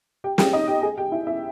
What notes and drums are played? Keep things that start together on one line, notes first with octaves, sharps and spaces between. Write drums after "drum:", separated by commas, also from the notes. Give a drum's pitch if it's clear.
G4 G5
G4 G5, drum: snare
D#4 D#5
G4 G5
G#4 G#5
G4 G5
E4 E5
E4 E5